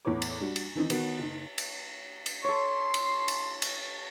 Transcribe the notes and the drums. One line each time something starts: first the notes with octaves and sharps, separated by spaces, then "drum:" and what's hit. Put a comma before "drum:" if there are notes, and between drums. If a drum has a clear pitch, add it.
E2 A2 E3 B3 C#5 D6
drum: cymbal
G3 D4 F#4
drum: cymbal
D#3 E3 C4 D#4
D#3 B3 F#4, drum: cymbal
F#1 D#4
drum: cymbal
drum: cymbal
A4 C#5 C6
drum: cymbal
drum: cymbal
drum: cymbal